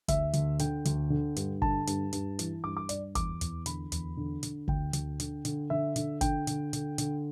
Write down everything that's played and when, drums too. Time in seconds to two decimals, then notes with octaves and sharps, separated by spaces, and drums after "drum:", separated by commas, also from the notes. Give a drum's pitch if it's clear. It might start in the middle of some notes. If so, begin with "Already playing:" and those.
0.08 D2 E5, drum: kick G1, hi-hat
0.33 D2, drum: hi-hat
0.59 D3 G5, drum: hi-hat
0.85 D2, drum: hi-hat
1.10 D3
1.36 G2, drum: hi-hat
1.62 D3 A5, drum: kick G1
1.87 G2, drum: hi-hat
2.13 G2, drum: hi-hat
2.39 E3, drum: hi-hat
2.64 G2 D6
2.77 D6
2.89 G2 D5, drum: hi-hat
3.15 E2 D6, drum: kick G1, hi-hat
3.41 E2, drum: hi-hat
3.66 D3 B5, drum: hi-hat
3.92 E2, drum: hi-hat
4.17 D3
4.43 D3, drum: hi-hat
4.68 D2 G5, drum: kick G1
4.93 D2, drum: hi-hat
5.20 D3, drum: hi-hat
5.45 D3, drum: hi-hat
5.70 D3 E5
5.96 D3, drum: hi-hat
6.21 D3 G5, drum: kick G1, hi-hat
6.47 D3, drum: hi-hat
6.73 D3, drum: hi-hat
6.98 D3, drum: hi-hat